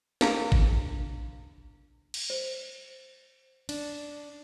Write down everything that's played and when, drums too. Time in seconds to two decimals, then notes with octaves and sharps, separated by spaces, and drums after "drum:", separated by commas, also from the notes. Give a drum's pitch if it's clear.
0.21 D4 E4 F4 G#4 A#4 F5, drum: snare
0.52 drum: kick G#1
2.14 drum: cymbal
2.30 C5
3.69 D4, drum: cymbal